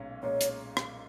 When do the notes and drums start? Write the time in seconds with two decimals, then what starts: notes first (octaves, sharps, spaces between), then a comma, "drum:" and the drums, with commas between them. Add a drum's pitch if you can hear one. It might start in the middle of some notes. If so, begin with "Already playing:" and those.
Already playing: B1 A#2 G#3 C#4
0.23 B1 A#2 G#3 C#4 C#5
0.41 drum: hi-hat
0.77 drum: rim click